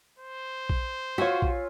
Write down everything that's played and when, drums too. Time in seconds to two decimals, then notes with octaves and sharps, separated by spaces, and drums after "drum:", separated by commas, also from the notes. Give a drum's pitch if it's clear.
0.19 C5
0.69 drum: kick A#1
1.18 F4 F#4 C#5 G#5 E6 B6
1.42 drum: kick A#1